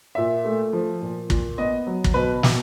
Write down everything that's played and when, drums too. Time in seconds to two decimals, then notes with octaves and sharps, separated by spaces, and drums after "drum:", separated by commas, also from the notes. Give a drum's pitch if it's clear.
0.15 A#2 E5
0.45 A3
0.73 F3
1.02 A#2
1.30 A#2, drum: kick
1.58 B3 D#5
1.87 F#3
2.04 drum: kick
2.14 B2 B4
2.43 B2, drum: snare